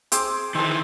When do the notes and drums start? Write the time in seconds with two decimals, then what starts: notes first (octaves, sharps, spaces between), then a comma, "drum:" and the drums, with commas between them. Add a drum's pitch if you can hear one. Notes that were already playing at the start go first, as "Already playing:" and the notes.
0.12 C4 G#4 D6, drum: hi-hat
0.55 D#3 E3 C4 G#4 A4